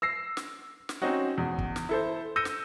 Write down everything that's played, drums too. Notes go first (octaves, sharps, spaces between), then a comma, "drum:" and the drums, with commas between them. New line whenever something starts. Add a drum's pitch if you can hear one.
E6 A#6 C7
drum: snare
drum: snare
C4 C#4 D#4 F#4
E2
drum: kick
drum: snare
E4 A4 C5
E6 G6 A#6 C#7 D#7
drum: snare